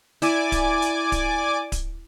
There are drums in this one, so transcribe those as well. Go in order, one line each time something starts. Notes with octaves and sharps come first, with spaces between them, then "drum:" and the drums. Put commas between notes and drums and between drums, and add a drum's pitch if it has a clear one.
E4 D5 G#5 D6, drum: hi-hat
drum: kick D1, hi-hat
drum: hi-hat
drum: kick D1, hi-hat
drum: kick D1, hi-hat